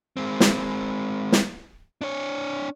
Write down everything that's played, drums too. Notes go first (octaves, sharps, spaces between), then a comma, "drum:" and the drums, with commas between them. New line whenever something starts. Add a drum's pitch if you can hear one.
G#3 C4
drum: snare
drum: snare
D4 C#5